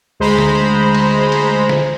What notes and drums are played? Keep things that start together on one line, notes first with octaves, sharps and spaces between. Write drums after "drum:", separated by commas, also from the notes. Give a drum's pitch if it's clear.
D2 G#3 C5 A#5 B5
drum: snare D3
drum: cymbal
drum: cymbal
drum: snare D3